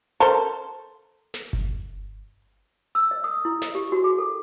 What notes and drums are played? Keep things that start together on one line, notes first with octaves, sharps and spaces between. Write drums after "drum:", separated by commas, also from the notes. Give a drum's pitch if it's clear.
A4 A#4 C5
drum: snare
drum: kick G1
E6
D#5
D#6
E4
D#5, drum: snare
G4
F#4
G#4
A4